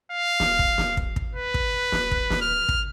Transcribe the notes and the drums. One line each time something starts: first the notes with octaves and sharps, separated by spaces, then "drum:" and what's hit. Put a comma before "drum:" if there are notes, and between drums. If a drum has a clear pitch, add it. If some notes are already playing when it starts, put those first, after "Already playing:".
F5
drum: snare
drum: kick
drum: snare
drum: kick
drum: kick
B4
drum: kick
drum: snare
drum: kick
drum: snare
F6
drum: kick